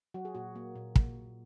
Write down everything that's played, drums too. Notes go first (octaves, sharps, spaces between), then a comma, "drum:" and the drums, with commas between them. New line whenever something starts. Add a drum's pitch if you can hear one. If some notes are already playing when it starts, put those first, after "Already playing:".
F#3 F#4
G#4
A#2 F#4
A#3
A#2
A#2, drum: kick